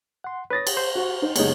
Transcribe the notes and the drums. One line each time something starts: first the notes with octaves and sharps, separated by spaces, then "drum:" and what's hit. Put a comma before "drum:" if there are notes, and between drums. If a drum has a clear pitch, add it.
F#5 C6
B4 C#5 D#6 A6 A#6
drum: cymbal
C5
F#4
D#4 C5
F#1 G#3 A#3 B3 D#4 C#5, drum: cymbal